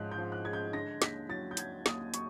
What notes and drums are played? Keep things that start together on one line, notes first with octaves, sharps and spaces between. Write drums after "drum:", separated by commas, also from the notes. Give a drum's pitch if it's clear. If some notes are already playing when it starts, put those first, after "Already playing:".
Already playing: G#2 F3 G#3 F#6 G6
G6
F3
F#6
G#3 G#6
G6
D3 A#6
D#2 B6, drum: snare
F#3 A6
G6
F#3 G#6, drum: hi-hat
D#2 D#6, drum: snare
F#3 C#6, drum: hi-hat